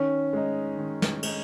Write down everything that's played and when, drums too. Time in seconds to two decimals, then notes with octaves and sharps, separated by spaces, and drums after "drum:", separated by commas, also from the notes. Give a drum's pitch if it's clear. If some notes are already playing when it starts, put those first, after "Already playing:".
Already playing: D#3 C#4
0.33 G#3 D#4
0.78 D#3
1.02 drum: snare
1.23 G#3 D#4, drum: cymbal